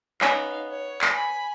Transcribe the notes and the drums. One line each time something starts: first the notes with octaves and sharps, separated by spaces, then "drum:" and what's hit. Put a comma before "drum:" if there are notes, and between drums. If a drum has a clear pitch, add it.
B3 C#4 D#4 F5 A#5, drum: clap
C#5
drum: clap
G#5 B5